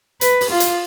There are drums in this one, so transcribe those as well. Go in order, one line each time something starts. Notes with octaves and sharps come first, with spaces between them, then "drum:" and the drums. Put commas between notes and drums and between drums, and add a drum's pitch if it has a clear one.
B4, drum: hi-hat
drum: open hi-hat
F4
drum: hi-hat